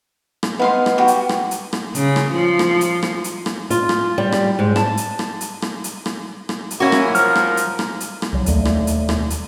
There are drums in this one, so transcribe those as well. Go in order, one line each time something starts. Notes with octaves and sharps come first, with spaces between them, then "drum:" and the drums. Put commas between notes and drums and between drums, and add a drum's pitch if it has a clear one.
drum: rim click
B3 D#4 F5 C6
drum: rim click
F#4 G4
drum: hi-hat
drum: rim click
drum: hi-hat
drum: rim click
C#3, drum: hi-hat
drum: rim click
F3
drum: rim click
drum: hi-hat
drum: rim click
drum: hi-hat
drum: rim click
F4, drum: hi-hat
drum: rim click
G3
drum: rim click
G#2
A5, drum: rim click
drum: hi-hat
drum: rim click
drum: hi-hat
drum: rim click
drum: hi-hat
drum: rim click
drum: rim click
drum: hi-hat
A#3 C#4 E4 F#4
drum: rim click
F3 A#4 F6, drum: hi-hat
drum: rim click
drum: hi-hat
drum: rim click
drum: hi-hat
drum: rim click
C2 F#3
E1 D#2 A3 D4, drum: hi-hat
drum: rim click
drum: hi-hat
drum: rim click
drum: hi-hat